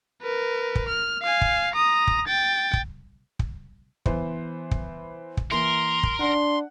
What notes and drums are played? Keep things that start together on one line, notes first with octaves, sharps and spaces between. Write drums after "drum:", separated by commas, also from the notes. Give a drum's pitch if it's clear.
A#4 B4
drum: kick
F6
F5 G#5
drum: kick
A#5 D#6
drum: kick
G5 A6
drum: kick
drum: kick
E3 B3 C5, drum: kick
drum: kick
drum: kick
E3 A#3 A#4 C6
drum: kick
D4 F#5 C6